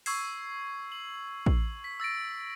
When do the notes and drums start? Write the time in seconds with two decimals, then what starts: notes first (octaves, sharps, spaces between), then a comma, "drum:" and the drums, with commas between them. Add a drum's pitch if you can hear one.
0.06 C#6 E6 G#6 C7, drum: open hi-hat
0.92 F#7
1.46 drum: kick
1.84 B6
2.00 E6 A6 A#6 D7